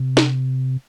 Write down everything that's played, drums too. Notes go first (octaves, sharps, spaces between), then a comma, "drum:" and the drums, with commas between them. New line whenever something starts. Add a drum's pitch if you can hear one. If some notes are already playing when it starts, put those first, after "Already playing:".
Already playing: C3
drum: snare